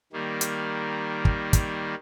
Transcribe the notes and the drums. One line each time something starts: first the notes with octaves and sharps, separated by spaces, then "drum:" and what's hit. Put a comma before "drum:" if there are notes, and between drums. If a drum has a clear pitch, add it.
D#3 G3 A#3
drum: hi-hat
drum: kick
drum: kick, hi-hat